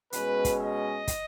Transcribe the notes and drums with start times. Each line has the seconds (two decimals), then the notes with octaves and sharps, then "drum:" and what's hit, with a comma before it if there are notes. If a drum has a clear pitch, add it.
0.13 B2 G#3 C#4 B4, drum: hi-hat
0.45 drum: kick, hi-hat
0.61 D#5
1.08 drum: kick, hi-hat